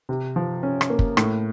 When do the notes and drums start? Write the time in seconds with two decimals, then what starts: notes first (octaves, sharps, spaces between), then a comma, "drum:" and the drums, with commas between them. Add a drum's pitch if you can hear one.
0.09 C3
0.36 F3
0.63 C#4
0.81 drum: rim click
0.90 A#3
0.99 drum: kick
1.17 A2, drum: rim click